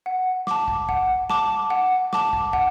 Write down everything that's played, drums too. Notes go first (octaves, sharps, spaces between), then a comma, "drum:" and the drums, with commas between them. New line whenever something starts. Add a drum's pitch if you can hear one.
F#5
A5 D6, drum: snare
drum: kick
F#5, drum: kick
A5 D6, drum: snare
F#5
A5 D6, drum: snare
drum: kick
F#5, drum: kick